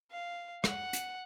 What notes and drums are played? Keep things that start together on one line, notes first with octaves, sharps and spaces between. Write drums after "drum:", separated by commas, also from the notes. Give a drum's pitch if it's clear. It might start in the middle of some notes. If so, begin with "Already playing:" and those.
F5
F#5, drum: rim click
drum: hi-hat